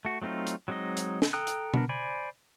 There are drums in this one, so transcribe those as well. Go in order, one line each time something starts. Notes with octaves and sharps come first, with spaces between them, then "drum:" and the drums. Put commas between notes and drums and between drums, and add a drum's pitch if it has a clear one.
A3 F#4
F#3 A3 C4 D#4 F4
drum: hi-hat
F#3 G#3 C4 D#4 D#5
drum: hi-hat
drum: snare
A4 G5 A#5 D#6 F#6
drum: hi-hat
B3 D4 A#4, drum: tom B2
C5 D5 G#5 B5